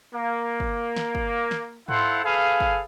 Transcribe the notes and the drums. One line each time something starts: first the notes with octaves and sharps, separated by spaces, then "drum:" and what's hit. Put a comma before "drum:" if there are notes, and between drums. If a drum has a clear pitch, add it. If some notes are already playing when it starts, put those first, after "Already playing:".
A#3
drum: kick
drum: snare
drum: kick
drum: snare
E4 A4 C5 F5 F#5 C6, drum: tom G#2
G#4 A4 B4 F5
drum: kick